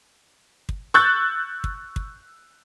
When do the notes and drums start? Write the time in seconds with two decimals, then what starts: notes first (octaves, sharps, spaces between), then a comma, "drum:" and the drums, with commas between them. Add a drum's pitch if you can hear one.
0.69 drum: kick
0.94 C#6 E6 F#6 G6 A6
1.64 drum: kick
1.96 drum: kick